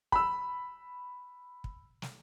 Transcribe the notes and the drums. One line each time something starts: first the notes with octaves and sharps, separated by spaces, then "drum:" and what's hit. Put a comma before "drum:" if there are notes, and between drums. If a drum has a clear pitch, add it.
B5 E6, drum: kick
drum: kick
drum: snare